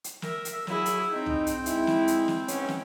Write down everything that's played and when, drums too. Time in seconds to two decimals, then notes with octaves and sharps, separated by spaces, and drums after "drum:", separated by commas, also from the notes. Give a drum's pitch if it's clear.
0.04 drum: hi-hat
0.22 A#4 E5, drum: snare
0.45 drum: hi-hat
0.67 F#3 E4 G#4, drum: snare
0.86 drum: hi-hat
1.12 C4 D#4 G5
1.26 drum: tom C2
1.47 drum: hi-hat
1.66 G#3 E4, drum: hi-hat
1.87 drum: snare
2.08 drum: hi-hat
2.28 drum: snare
2.48 G#2 B3 C#4, drum: hi-hat
2.69 drum: snare